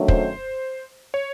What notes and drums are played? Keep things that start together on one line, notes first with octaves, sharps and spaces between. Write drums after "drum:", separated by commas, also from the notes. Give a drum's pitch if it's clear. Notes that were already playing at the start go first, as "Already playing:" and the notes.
Already playing: F#2 D#3 F#3 A3 D4
C5, drum: kick
C#5